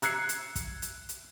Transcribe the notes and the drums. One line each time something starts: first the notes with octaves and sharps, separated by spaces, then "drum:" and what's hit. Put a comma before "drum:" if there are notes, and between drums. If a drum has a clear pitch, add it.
E6 F#6 G#6 C7 C#7, drum: hi-hat
drum: hi-hat
drum: kick, hi-hat
drum: hi-hat
drum: hi-hat